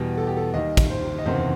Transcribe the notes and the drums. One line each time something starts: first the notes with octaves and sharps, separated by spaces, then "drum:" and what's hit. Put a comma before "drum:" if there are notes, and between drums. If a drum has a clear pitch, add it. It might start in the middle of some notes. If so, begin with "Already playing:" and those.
Already playing: E2 B2 G3
A4
G4
A4
D#2 D#3 G3 D#5
drum: kick, cymbal
C5
D#5
F#1 E2 C3 D#3 C5